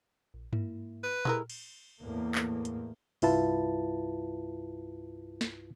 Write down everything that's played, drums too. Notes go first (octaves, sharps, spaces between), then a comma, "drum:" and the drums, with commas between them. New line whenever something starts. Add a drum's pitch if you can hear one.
A#1
G#2 A#3 E4, drum: tom G2
B4
G#3 E4 G4 A4 A#4 F6, drum: tom A#2
drum: cymbal
E2 A2 A#3
drum: clap
drum: hi-hat
C2 G2 E4 F4 B4 A5, drum: open hi-hat
drum: snare